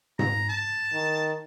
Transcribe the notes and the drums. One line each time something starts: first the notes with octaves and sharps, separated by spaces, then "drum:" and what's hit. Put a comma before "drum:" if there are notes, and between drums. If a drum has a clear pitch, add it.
A#5, drum: tom G#2
A5
D#3